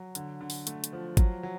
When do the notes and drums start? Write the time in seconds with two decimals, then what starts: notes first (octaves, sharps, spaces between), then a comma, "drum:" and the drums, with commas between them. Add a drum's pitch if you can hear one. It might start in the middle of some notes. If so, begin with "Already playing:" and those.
Already playing: F#3
0.15 D3, drum: hi-hat
0.41 D3
0.50 drum: open hi-hat
0.67 A3, drum: hi-hat
0.84 drum: hi-hat
0.93 F3
1.17 F#3, drum: kick, hi-hat
1.43 F#3